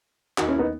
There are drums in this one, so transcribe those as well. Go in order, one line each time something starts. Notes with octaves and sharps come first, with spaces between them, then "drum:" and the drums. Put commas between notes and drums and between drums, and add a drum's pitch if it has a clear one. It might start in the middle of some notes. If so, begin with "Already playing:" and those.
D#2 D#3 D#4 F#4, drum: clap
C#4 E4
B3 D#4